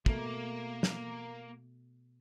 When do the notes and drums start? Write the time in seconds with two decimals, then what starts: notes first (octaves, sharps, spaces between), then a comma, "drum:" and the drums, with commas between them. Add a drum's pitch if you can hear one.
0.06 B2 A3 A#3, drum: kick
0.83 drum: snare